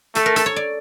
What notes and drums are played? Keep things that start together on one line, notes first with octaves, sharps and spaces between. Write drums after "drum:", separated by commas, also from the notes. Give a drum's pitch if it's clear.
A3 A4, drum: hi-hat
A#4
A4, drum: hi-hat
C#5
D5